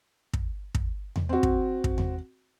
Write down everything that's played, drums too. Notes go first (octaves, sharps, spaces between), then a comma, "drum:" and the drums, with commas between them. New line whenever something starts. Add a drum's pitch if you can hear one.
drum: kick
drum: kick
drum: tom E2
C4 F#4
drum: kick
drum: kick
drum: tom E2